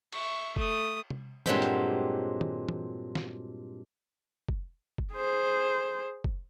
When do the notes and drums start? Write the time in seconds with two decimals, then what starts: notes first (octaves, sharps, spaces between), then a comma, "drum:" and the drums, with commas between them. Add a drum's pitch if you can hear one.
0.12 E5 C#6, drum: cymbal
0.56 A3 D#6, drum: kick
1.10 drum: tom C3
1.46 G2 A#2 F#3 G#3 C4 G4, drum: tom
1.62 drum: hi-hat
2.41 drum: tom
2.69 drum: tom
3.15 drum: snare
4.48 drum: kick
4.98 drum: kick
5.13 G#4 C5
6.24 drum: kick